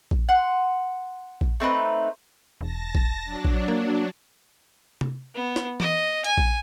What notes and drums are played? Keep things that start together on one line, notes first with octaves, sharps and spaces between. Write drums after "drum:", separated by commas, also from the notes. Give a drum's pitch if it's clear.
drum: kick A#1
F#5 C6
drum: kick A#1
A3 C4 D#4 B4
E1 A5 A#6
drum: kick A#1
F#3 D4
drum: kick A#1
A#3
drum: tom C3
B3
drum: snare
D#5, drum: tom E3
G#5, drum: hi-hat
drum: kick A#1